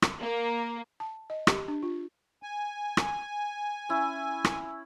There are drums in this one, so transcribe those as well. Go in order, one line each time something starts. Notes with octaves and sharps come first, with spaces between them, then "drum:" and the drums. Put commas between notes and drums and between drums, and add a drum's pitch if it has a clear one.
drum: rim click
A#3
A5
D#5
G4, drum: rim click
D4
F4
G#5
drum: rim click
C#4 E4
drum: rim click